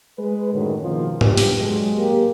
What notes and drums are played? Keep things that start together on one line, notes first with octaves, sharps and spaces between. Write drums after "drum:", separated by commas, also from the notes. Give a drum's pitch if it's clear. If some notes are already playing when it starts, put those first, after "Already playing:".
G#3 B4
F#2 A2 D3 D#3 F#3
B2 D#3 F3 A#3 F4
G2 B3 G4, drum: tom G#2
drum: open hi-hat
F#3 G#3
A#3 G4